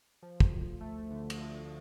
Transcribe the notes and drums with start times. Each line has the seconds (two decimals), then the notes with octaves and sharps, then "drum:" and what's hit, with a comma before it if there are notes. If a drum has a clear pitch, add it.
0.22 F3
0.40 drum: kick
0.51 D2
0.81 A3
1.10 D3
1.30 drum: cymbal
1.40 F3